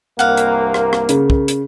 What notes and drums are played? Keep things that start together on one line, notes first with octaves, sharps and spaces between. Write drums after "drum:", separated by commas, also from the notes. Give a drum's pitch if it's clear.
C2 G2 A#3 A#4 F5 F#5
drum: hi-hat
drum: rim click
drum: rim click
C#3, drum: hi-hat
drum: kick
drum: hi-hat